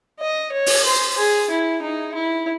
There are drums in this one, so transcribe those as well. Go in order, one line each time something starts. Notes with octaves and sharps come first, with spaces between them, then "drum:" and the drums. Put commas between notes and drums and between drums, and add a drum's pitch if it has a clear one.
D#5
C#5
drum: open hi-hat
C5
G#4
E4
D#4
E4